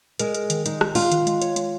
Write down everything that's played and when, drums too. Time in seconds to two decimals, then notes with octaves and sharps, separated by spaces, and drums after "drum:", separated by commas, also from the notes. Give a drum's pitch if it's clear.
0.19 G#3 A#4, drum: hi-hat
0.34 A#4, drum: hi-hat
0.50 D#3, drum: hi-hat
0.66 G#3 D#4, drum: hi-hat
0.81 G#3, drum: rim click
0.95 G#3 F4, drum: open hi-hat
1.12 D#3, drum: hi-hat
1.27 G#3, drum: hi-hat
1.42 C#5, drum: hi-hat
1.56 G#3, drum: hi-hat